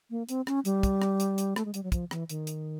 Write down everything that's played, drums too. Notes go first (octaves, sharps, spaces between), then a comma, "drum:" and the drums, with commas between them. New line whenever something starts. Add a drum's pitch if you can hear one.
A#3
C4, drum: hi-hat
C#4, drum: rim click
G3, drum: hi-hat
drum: kick, hi-hat
drum: rim click
drum: hi-hat
drum: hi-hat
A3, drum: rim click
G#3
G3, drum: hi-hat
F#3
F3, drum: kick, hi-hat
E3, drum: rim click
D#3, drum: hi-hat
drum: hi-hat